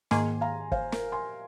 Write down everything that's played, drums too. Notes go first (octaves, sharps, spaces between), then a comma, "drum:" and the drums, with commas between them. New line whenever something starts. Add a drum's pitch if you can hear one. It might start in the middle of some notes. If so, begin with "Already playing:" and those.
G#2 D#3 A#3 G#4 G#5 C6, drum: snare
F5 A#5
C5 F5, drum: kick F#1
A#4, drum: snare
G#5 C6